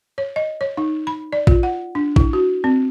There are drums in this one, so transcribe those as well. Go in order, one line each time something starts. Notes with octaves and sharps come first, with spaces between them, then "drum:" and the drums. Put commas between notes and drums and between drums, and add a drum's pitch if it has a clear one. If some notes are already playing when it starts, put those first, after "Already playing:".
C#5
D#5
C#5
D#4
B5
D5
F4, drum: kick
F#5
D4
E4, drum: kick
F#4
C4